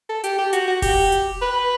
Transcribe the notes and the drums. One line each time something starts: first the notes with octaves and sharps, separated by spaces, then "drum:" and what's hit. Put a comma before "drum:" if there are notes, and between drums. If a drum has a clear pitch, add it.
A4
G4, drum: hi-hat
G4
F#4, drum: hi-hat
F#4
G4, drum: kick F1, open hi-hat
drum: hi-hat
B4